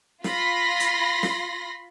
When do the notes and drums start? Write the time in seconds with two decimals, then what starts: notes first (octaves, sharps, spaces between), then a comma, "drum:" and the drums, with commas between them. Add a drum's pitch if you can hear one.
0.24 F4 B5 C6 A#6, drum: snare
0.80 drum: hi-hat
1.23 drum: snare